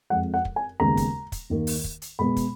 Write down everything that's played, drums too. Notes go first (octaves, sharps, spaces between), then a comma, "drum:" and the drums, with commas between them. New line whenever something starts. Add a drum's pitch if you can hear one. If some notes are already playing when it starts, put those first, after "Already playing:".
F2 F3 G#3 F#5
F#5
drum: kick
G#5
D#2 C#3 G#3 B3 A#5
drum: kick, hi-hat
drum: kick, hi-hat
D#2 D#3 A#3
drum: open hi-hat
drum: kick
drum: hi-hat
B2 G#3 B3 B5
drum: kick, hi-hat